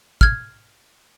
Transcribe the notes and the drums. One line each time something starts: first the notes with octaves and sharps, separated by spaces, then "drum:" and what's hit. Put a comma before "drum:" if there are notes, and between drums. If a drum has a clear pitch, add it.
F6 G#6, drum: kick